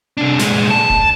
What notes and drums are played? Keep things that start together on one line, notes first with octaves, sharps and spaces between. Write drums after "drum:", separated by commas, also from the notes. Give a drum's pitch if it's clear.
C3 D4
A#2 G#3, drum: snare
A5
drum: kick D1